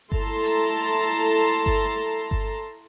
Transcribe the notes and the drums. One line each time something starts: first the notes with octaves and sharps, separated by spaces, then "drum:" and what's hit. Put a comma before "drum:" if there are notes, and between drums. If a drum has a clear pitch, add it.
E4 A4 A5 A#5 C6, drum: kick G1
drum: hi-hat
drum: kick G1
drum: kick G1